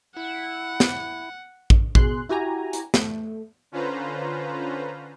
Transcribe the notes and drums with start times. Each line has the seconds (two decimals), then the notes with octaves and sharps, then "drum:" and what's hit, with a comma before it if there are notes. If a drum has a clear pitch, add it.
0.17 E4 F#5
0.80 drum: snare
1.70 drum: kick
1.95 B2 G#4 C6 F#6, drum: kick
2.29 E4 F#4 G4 G#5 A#5
2.73 drum: hi-hat
2.94 A3, drum: snare
3.72 D3 C#4 F4 B4 C5 A#5